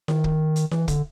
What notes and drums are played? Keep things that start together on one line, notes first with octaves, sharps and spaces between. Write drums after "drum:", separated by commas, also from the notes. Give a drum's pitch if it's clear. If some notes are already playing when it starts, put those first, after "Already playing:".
D#3, drum: snare E4
drum: kick
drum: hi-hat
E3, drum: snare E4
D3, drum: kick, hi-hat